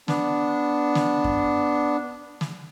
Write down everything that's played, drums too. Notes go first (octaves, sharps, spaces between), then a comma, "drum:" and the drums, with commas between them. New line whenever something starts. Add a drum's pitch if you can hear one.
B3 D4, drum: snare
drum: snare
drum: kick F#2
drum: snare